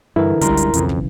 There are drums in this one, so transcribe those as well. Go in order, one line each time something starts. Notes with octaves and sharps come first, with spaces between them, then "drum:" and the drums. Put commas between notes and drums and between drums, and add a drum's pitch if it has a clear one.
G2 D3 E3 E4 A#4
C#2 D3 F3 G3 A#4 A#5 C6, drum: kick, hi-hat
drum: hi-hat
B1 F2 C#3 E3, drum: hi-hat
drum: kick